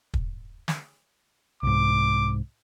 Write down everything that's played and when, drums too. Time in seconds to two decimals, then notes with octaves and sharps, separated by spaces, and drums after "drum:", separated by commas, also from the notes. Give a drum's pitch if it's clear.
0.14 drum: kick
0.68 drum: snare
1.63 C2 G#2 D6